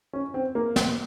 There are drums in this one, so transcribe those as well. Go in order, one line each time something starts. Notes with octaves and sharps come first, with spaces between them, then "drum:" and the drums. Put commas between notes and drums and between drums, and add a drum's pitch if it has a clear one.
C#4
C4
A#3
drum: snare